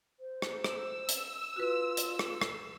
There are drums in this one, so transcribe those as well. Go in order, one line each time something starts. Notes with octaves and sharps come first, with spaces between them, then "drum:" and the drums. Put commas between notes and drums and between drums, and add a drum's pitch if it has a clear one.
C5
drum: rim click
E6, drum: rim click
drum: hi-hat
F4 F#4 B4
drum: hi-hat
drum: rim click
drum: rim click